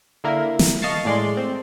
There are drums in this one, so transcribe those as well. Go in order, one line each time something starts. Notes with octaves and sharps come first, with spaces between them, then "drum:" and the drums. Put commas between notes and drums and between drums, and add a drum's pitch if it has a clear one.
D3 A#3 E4 A#4
drum: snare
D#5 F5 A5 C#6 A6 C7
A2 G#3 D5 C6
C4